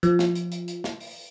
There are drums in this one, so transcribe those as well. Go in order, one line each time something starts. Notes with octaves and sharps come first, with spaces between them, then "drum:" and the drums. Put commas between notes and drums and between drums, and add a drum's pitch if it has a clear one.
F3, drum: hi-hat
drum: snare
drum: hi-hat
drum: hi-hat
drum: hi-hat
drum: snare
drum: open hi-hat